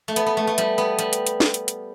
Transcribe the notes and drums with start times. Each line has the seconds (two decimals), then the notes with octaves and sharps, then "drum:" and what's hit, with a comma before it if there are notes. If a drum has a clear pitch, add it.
0.08 A3
0.16 B3, drum: hi-hat
0.26 B3
0.37 A3
0.47 A3
0.58 G3, drum: hi-hat
0.78 B3
0.99 G3, drum: hi-hat
1.13 drum: hi-hat
1.27 drum: hi-hat
1.40 drum: snare
1.54 drum: hi-hat
1.68 drum: hi-hat